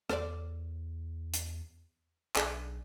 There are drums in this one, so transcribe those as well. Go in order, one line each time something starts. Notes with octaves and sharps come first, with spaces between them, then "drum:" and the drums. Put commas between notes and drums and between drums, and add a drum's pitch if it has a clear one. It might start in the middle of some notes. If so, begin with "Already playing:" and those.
E2 A4 C5 D5, drum: rim click
drum: hi-hat
B1 D4 G#4 A4, drum: clap